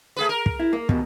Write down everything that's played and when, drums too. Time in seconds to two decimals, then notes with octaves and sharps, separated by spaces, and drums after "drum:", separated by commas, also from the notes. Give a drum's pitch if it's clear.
0.16 A3 G#4 B4
0.29 A#4
0.46 drum: kick
0.60 E4
0.73 A#3
0.89 D#2 B2, drum: kick